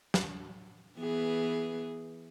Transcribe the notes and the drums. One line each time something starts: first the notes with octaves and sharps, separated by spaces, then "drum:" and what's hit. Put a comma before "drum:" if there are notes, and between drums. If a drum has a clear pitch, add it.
drum: snare
E3 B3 G#4